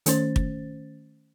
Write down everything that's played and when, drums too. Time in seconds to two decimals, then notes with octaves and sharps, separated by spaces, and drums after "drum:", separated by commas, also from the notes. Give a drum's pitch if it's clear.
0.06 D#3 A3 C#4 C5 A6, drum: hi-hat
0.36 drum: kick